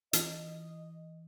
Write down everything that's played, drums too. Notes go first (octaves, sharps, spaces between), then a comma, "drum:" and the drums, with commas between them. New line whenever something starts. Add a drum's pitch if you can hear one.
E3 D#5, drum: hi-hat